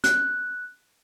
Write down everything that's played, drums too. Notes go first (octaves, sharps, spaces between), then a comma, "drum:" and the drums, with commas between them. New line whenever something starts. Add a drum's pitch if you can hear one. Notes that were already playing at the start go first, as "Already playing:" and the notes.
F#6, drum: hi-hat